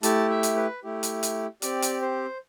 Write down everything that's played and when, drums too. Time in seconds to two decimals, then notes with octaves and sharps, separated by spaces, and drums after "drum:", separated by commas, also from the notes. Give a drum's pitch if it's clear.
0.03 A3 E4 G4 A5, drum: hi-hat
0.30 E5
0.43 drum: hi-hat
0.56 B4
0.83 A3 E4 G4
1.03 drum: hi-hat
1.23 drum: hi-hat
1.62 C4 G4 D5, drum: hi-hat
1.82 drum: hi-hat
2.02 C5